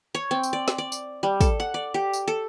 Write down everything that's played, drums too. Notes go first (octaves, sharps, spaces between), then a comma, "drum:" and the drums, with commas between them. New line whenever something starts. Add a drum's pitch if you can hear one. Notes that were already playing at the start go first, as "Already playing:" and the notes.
C#5
C4
drum: tambourine
D5
drum: snare
D5
drum: tambourine
G3
A4, drum: kick, tambourine
F#5
D5
G4
drum: tambourine
A4